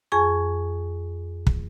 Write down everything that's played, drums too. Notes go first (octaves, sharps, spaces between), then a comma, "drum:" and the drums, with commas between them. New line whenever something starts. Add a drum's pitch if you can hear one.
F2 G#4 G#5 C#6
drum: kick